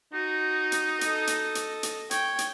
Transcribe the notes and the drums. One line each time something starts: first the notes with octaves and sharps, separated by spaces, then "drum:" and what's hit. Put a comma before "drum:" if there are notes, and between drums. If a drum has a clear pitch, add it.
D#4 F#4
drum: hi-hat
A4 D#5, drum: hi-hat
drum: hi-hat
drum: hi-hat
drum: hi-hat
C#5 G5, drum: hi-hat
drum: hi-hat